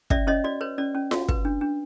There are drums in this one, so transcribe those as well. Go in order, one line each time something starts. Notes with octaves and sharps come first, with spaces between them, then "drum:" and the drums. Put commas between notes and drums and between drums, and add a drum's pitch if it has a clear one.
C#4 D5 E5, drum: kick
C#4 C#5 D#5
F#4 D5
B4 C#5
C#4 D5
C#4
F#4, drum: snare F4
B4, drum: kick
D4
D4